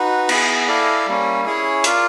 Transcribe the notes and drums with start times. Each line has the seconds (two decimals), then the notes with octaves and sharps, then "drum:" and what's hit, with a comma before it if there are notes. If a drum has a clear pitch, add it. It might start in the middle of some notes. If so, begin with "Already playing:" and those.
Already playing: D#4 F#4 B4
0.29 B3 E4 G#4, drum: cymbal
0.68 E4 A4 D5 F5
1.07 G3 A#3 C#4
1.45 C#4 E4 G#4 C#5
1.84 F4 A#4 D5 F5, drum: hi-hat